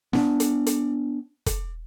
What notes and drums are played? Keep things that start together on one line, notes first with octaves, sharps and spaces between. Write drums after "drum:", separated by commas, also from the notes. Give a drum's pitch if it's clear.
B3 C#4 D4, drum: snare
drum: hi-hat
drum: hi-hat
drum: kick, hi-hat